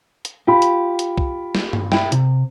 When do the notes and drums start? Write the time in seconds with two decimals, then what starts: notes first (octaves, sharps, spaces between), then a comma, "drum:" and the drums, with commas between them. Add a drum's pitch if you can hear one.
0.25 drum: hi-hat
0.47 F4 G4 B5
0.62 drum: hi-hat
0.99 drum: hi-hat
1.18 drum: kick B1
1.55 drum: snare
1.73 drum: tom G2
1.92 E4 E5 G5, drum: snare
2.12 C3, drum: hi-hat